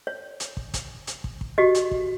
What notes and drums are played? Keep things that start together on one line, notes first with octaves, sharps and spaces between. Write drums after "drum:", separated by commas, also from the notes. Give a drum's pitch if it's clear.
C#5
drum: hi-hat
drum: kick
drum: kick, hi-hat
drum: hi-hat
drum: kick
drum: kick
F#4 G4 D#5
drum: hi-hat
drum: kick